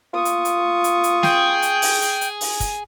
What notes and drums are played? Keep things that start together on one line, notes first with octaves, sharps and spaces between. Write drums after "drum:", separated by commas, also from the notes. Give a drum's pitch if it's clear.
F4 C#6 D#6
drum: hi-hat
drum: hi-hat
drum: hi-hat
drum: hi-hat
G#4 G5, drum: snare
drum: hi-hat
drum: open hi-hat
drum: hi-hat
drum: hi-hat
drum: open hi-hat
drum: kick, hi-hat